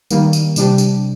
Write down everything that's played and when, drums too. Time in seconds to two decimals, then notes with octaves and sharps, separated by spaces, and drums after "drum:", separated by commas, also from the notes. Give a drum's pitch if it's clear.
0.11 D#3 G3 A#3, drum: tambourine
0.33 drum: tambourine
0.56 C3 G3 D4 G4, drum: tambourine
0.78 drum: tambourine